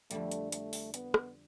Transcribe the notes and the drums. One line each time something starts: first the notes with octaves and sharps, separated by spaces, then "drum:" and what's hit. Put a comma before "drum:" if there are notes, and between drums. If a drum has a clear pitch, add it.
F2 D3 G3 A3, drum: hi-hat
drum: hi-hat
A3, drum: hi-hat
drum: open hi-hat
B3, drum: hi-hat
drum: rim click